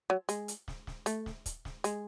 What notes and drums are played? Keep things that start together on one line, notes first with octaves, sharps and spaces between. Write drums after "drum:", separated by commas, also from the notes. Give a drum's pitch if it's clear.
F#3
G#3, drum: hi-hat
drum: hi-hat
drum: snare
drum: snare
A3, drum: hi-hat
drum: snare
drum: kick, hi-hat
drum: snare
G#3, drum: hi-hat